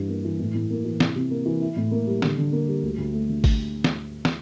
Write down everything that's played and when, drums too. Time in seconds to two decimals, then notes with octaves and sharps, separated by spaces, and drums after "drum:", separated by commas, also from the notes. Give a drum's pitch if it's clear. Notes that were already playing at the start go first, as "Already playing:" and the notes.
Already playing: G2 E3 D4
0.09 A#3
0.25 E3
0.40 A2
0.55 A2
0.71 A#3
0.85 E3
1.00 C3, drum: snare
1.16 C3
1.31 A#3
1.46 E3
1.62 E4
1.76 A2
1.91 A#3
2.07 G3
2.22 D3, drum: snare
2.38 D3
2.52 A#3
2.68 G3
2.83 D2
2.98 D2
3.13 A3
3.29 D3
3.44 drum: kick G#1, open hi-hat
3.84 drum: snare
4.25 drum: snare